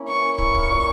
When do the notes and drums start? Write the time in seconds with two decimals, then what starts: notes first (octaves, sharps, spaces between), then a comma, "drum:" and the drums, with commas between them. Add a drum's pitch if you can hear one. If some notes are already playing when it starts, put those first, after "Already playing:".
Already playing: A#3 C#4 E4
0.08 E3 C#6
0.24 A#4
0.38 E4 C#6, drum: kick
0.55 A#3, drum: kick
0.71 A#2